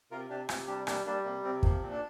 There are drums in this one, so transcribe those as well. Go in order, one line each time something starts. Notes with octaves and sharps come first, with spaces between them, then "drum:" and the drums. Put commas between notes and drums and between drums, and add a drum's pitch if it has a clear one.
C3 F4 A#4
C3 D4 G4
C3 C4 F4, drum: rim click
G3 D4 G4
G3 A#3 D4, drum: rim click
G3 A#3 D4
C3 A#3
C3 C4
F3 A#3, drum: kick
A#2 C4
D4